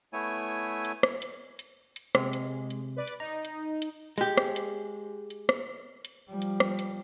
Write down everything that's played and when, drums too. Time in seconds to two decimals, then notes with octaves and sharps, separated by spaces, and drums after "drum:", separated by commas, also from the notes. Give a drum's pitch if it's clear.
0.13 A3 B3 E4 C#5 G#5
0.85 drum: hi-hat
1.03 drum: rim click
1.22 drum: hi-hat
1.59 drum: hi-hat
1.96 drum: hi-hat
2.15 C3 G#3, drum: rim click
2.33 drum: hi-hat
2.70 drum: hi-hat
2.96 B4 D5
3.08 drum: hi-hat
3.20 D#4 A#5
3.45 drum: hi-hat
3.82 drum: hi-hat
4.18 G#3 G4, drum: hi-hat
4.38 drum: rim click
4.56 drum: hi-hat
5.30 drum: hi-hat
5.49 drum: rim click
6.05 drum: hi-hat
6.29 F3 G3
6.42 drum: hi-hat
6.60 drum: rim click
6.79 drum: hi-hat